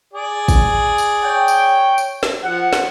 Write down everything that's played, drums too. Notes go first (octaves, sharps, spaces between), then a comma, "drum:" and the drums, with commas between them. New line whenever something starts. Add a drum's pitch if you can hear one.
G#4 D5
drum: kick, tambourine
drum: tambourine
C#5 G5
drum: tambourine
drum: tambourine
drum: snare
F3 F#5
drum: snare